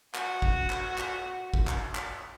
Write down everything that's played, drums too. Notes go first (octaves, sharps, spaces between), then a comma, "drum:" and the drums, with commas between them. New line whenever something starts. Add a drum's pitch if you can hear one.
F#4, drum: clap
drum: kick
drum: clap
drum: clap
drum: kick
drum: clap
drum: clap